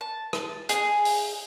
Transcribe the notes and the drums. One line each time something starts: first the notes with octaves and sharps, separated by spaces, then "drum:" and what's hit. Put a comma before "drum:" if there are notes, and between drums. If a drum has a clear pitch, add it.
A5
drum: rim click
G#4, drum: hi-hat
drum: open hi-hat